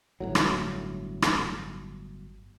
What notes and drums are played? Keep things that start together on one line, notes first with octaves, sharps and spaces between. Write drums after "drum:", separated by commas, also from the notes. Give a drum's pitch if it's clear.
G1 A2 F#3
drum: rim click
drum: rim click